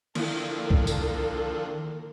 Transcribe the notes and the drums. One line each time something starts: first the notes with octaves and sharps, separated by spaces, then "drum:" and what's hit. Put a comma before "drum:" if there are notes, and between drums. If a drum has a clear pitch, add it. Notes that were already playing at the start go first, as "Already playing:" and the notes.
D3 D#3 F3 A#3 E4 A4 A#4, drum: cymbal
drum: kick C2
drum: tambourine